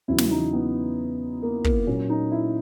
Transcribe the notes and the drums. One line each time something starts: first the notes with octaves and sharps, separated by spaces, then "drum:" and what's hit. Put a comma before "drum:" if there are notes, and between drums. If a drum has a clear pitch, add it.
E2 C#3 F#3 E4
drum: snare
D#4
B3
A#3
A#3, drum: kick
A#2 F#3 C#4
D#4
E4